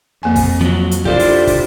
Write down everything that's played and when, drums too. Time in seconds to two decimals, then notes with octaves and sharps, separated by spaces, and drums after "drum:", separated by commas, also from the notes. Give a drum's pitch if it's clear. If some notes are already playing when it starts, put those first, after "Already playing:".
0.23 F2 A#3 G#5
0.36 drum: kick, open hi-hat
0.61 F3 F#3
0.91 drum: hi-hat
1.05 D4 E4 F4 G4 A4 C5 D5, drum: kick
1.19 drum: open hi-hat
1.47 drum: kick, open hi-hat